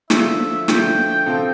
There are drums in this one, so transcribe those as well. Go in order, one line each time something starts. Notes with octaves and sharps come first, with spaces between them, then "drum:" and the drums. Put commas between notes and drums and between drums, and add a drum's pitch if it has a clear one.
D3 F3 A3 E5, drum: snare
D3 F3 A3 G5, drum: snare
C3 F3 C4 F4 A4 G5